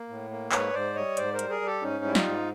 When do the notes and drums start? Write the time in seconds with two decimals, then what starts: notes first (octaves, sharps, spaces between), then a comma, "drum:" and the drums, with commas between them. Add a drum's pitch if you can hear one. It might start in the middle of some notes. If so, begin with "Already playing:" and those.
Already playing: A#3
0.09 A2
0.30 A#3
0.52 G#2 B4 C#5, drum: clap
0.74 G#2 C5 D5
0.96 G3 C#5 D#5
1.17 G#2 C5 D5, drum: hi-hat
1.34 A#4 C5
1.39 G3, drum: hi-hat
1.50 G#4 A#4
1.61 G3
1.66 G4 A4
1.82 G#2 C#4 D#4
2.04 G3 E4
2.15 D#4 F4, drum: snare
2.26 G#2